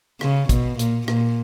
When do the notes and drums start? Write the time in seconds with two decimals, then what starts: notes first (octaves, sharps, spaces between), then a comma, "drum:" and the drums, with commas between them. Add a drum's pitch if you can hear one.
0.21 C#3, drum: rim click
0.49 B2, drum: kick, hi-hat
0.79 A#2, drum: hi-hat
1.08 A#2, drum: rim click